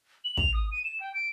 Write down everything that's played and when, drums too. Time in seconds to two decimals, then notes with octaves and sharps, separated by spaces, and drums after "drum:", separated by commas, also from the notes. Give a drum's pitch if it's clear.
0.25 F#7
0.37 F7, drum: kick
0.54 D#6
0.72 D#7
0.84 E7
1.00 G5
1.14 D7